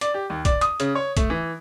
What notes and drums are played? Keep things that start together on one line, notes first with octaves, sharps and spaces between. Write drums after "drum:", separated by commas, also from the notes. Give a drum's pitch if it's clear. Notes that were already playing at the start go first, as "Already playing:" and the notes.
D5, drum: hi-hat
G4
D#2
D5, drum: kick, hi-hat
D#6, drum: hi-hat
C#3, drum: hi-hat
C#5
A3, drum: kick, hi-hat
E3